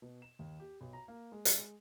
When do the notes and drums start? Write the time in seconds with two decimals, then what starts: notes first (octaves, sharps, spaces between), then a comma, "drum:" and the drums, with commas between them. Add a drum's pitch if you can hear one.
0.02 B2
0.22 E7
0.39 D#2
0.60 G4
0.81 B1
0.93 A#5
1.08 A#3
1.32 G#3
1.45 drum: hi-hat